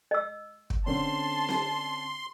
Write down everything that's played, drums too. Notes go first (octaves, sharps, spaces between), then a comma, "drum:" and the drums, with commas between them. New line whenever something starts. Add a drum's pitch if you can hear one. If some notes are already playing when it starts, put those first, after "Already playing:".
D#5 E6
drum: kick
D3 C4 C#4 A5 C6
drum: snare C4